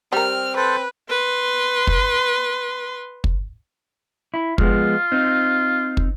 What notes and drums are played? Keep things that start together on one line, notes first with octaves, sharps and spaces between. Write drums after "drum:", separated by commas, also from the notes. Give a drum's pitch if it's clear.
G3 C4 A#4 F6
A4 B4 C5
B4 C6
drum: kick
drum: kick
E4
F3 G#3 B3 F4, drum: kick
C4 D#4
drum: kick